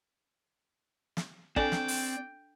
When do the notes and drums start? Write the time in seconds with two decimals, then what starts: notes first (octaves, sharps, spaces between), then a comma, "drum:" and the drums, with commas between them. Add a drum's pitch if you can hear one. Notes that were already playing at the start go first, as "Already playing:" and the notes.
1.17 drum: snare
1.56 C4 D4 A4 D5 G5 G#5, drum: kick
1.72 drum: snare
1.88 drum: open hi-hat